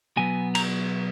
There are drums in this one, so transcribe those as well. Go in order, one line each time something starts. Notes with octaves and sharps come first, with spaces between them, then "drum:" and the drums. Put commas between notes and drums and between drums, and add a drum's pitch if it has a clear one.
B2 F#3 B3 G#5
A#5, drum: cymbal